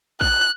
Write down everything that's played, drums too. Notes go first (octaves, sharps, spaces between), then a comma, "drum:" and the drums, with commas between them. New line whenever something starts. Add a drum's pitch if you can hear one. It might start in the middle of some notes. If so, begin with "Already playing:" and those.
F#6, drum: kick A#1